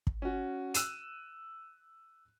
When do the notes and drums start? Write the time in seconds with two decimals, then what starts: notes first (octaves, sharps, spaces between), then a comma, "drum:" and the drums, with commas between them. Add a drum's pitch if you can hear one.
0.07 drum: kick
0.22 C#4 F#4
0.74 E6 F#6 D#7 E7, drum: hi-hat